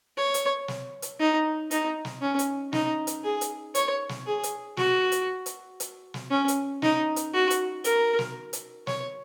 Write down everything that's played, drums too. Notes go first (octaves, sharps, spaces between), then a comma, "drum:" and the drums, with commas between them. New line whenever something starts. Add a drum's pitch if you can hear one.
C#5
drum: hi-hat
drum: snare
drum: hi-hat
D#4
D#4, drum: hi-hat
drum: snare
C#4
drum: hi-hat
D#4, drum: snare
drum: hi-hat
G#4
drum: hi-hat
C#5, drum: hi-hat
drum: snare
G#4
drum: hi-hat
F#4, drum: snare
drum: hi-hat
drum: hi-hat
drum: hi-hat
drum: snare
C#4
drum: hi-hat
D#4, drum: snare
drum: hi-hat
F#4
drum: hi-hat
A#4, drum: hi-hat
drum: snare
drum: hi-hat
C#5, drum: snare